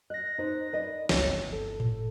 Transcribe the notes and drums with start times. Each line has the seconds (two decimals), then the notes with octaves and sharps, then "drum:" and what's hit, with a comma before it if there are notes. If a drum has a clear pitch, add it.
0.10 D#5 F#6 A#6
0.38 D#4 C5
0.73 B4 D5 D#5
1.09 G1 C#2 C#5, drum: snare
1.50 G1 A4
1.80 drum: tom A2